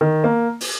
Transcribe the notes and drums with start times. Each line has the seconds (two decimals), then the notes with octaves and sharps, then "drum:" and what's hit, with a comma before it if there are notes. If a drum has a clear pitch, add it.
0.01 D#3
0.24 A#3
0.61 drum: open hi-hat